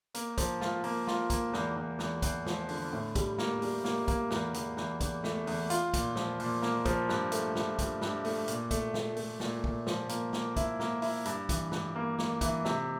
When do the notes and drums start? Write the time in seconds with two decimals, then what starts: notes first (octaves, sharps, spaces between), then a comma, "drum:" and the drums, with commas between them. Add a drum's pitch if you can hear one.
0.14 A#3, drum: hi-hat
0.38 F3, drum: kick, hi-hat
0.61 F4, drum: snare
0.84 A#3, drum: open hi-hat
1.07 F4, drum: snare
1.30 A#3, drum: kick, hi-hat
1.53 E2, drum: snare
1.76 E2
1.99 E2, drum: snare
2.22 E2, drum: kick, hi-hat
2.46 F3, drum: snare
2.69 D3, drum: open hi-hat
2.93 A2
3.15 G3, drum: kick, hi-hat
3.38 A#3, drum: snare
3.62 G3, drum: open hi-hat
3.84 A#3, drum: snare
4.08 A#3, drum: kick, hi-hat
4.30 E2, drum: snare
4.54 E2, drum: hi-hat
4.77 E2, drum: snare
5.01 E2, drum: kick, hi-hat
5.24 A3, drum: snare
5.47 E2, drum: open hi-hat
5.70 F4, drum: hi-hat
5.94 A#2, drum: kick, hi-hat
6.16 F3, drum: snare
6.40 A#2, drum: open hi-hat
6.62 A#3, drum: snare
6.85 F3, drum: kick, hi-hat
7.09 G2, drum: snare
7.32 A3, drum: hi-hat
7.55 G2, drum: snare
7.79 G2, drum: kick, hi-hat
8.01 G2, drum: snare
8.25 A3, drum: open hi-hat
8.48 A#2, drum: hi-hat
8.71 A3, drum: kick, hi-hat
8.94 A3, drum: snare
9.16 A3, drum: open hi-hat
9.40 A#2, drum: snare
9.64 A#2, drum: kick
9.87 F3, drum: snare
10.09 A#3, drum: hi-hat
10.33 A#3, drum: snare
10.56 E4, drum: kick, hi-hat
10.80 A#3, drum: snare
11.02 E4, drum: open hi-hat
11.25 G2, drum: hi-hat
11.49 E3, drum: kick, hi-hat
11.71 G2, drum: snare
11.95 A#3
12.18 A#3, drum: snare
12.41 E3, drum: kick, hi-hat
12.65 C3, drum: snare